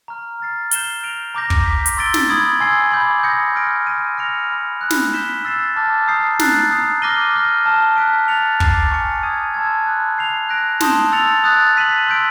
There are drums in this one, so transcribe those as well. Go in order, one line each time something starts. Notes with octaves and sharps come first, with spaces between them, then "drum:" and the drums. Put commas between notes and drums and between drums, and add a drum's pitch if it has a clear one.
A#5 C#6 F6
F6 A6 C7
G6 C7 E7 G7, drum: hi-hat
F6 A#6 D7 F7
A#5 D6 G6 A#6
drum: kick
D6 G6 B6
drum: hi-hat
C6 E6 A6 D7 G7
drum: snare
B5 D#6 G#6
G#5 C6 E6 G#6 C7
B5 D6 G6
D#6 G6 A#6 C#7
C6 F6 A#6 D7
G6 A#6 D#7
F6 A#6 C#7 F7
B5 D6 F6
B5 D#6 F#6
drum: snare
G6 B6 E7 G7
E6 A6 C7 E7
A5 D6 F6 A6
A#5 D#6 G6 C7
A#5 D#6 F#6 A6 C7, drum: snare
A#5 D#6 G6 C7
D6 F6 A#6 D#7 G7
D6 F6 A#6
A5 D6 F6
F#6 B6 D7
F#6 A6 C#7 F7
A#5 D6 F#6 A6 C7, drum: kick
G#5 C#6 F6 A6 C#7
D#6 G#6 C7 D#7
A5 C6 E6 G#6
B5 D#6 F#6
G6 C7 F7
F#6 A#6 D7
A5 C6 D#6 G6, drum: snare
E6 A6 C#7 F7
D#6 F#6 A6
G6 B6 D#7 F#7
C6 E6 G6 B6 D7